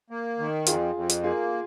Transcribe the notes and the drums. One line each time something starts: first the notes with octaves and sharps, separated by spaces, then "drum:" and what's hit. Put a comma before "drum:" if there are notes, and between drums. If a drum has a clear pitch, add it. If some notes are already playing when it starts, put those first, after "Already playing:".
A#3
D#3
F2 F4 G#4, drum: hi-hat
F2
drum: hi-hat
A#3 F4 G#4